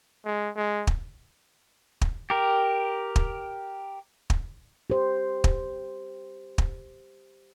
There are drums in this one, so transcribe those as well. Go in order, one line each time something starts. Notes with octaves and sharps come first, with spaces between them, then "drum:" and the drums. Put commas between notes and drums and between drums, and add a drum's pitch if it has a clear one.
G#3
G#3
drum: kick
drum: kick
G4 A#4
drum: kick
drum: kick
G4 C5
drum: kick
drum: kick